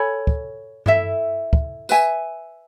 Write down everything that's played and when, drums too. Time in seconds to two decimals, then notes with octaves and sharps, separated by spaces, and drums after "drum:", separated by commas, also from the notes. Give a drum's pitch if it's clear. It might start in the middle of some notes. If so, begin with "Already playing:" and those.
Already playing: A4 C#5 G#5 B5
0.27 drum: kick
0.86 E4 A4 E5, drum: tom G2
1.53 drum: kick
1.89 B4 E5 G#5, drum: tambourine